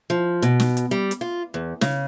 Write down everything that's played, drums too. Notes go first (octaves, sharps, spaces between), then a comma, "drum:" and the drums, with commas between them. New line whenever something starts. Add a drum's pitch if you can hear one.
F3
B2, drum: hi-hat
drum: snare
drum: hi-hat
G3
drum: hi-hat
F4
E2
C#3, drum: snare